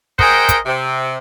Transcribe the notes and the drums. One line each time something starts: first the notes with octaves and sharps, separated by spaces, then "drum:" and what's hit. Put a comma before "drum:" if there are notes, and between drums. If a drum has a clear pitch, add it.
G#4 A#4 C5 D#5 F#5 G5, drum: kick
drum: kick, hi-hat
C3